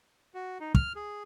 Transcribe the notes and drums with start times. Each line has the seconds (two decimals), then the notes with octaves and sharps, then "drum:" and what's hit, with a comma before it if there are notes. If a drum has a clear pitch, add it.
0.34 F#4
0.60 D#4
0.75 F6, drum: kick
0.96 G#4